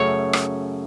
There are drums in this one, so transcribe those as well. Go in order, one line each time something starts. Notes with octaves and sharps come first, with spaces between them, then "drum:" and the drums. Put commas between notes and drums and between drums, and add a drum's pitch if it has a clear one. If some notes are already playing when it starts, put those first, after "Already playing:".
Already playing: F#2 C#3 A3 C#5
drum: rim click